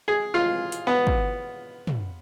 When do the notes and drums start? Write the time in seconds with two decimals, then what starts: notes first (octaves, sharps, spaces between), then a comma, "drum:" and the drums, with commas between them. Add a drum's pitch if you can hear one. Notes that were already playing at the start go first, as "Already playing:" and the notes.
0.08 G#4
0.34 F4
0.72 drum: hi-hat
0.87 B3
1.07 drum: kick
1.87 drum: tom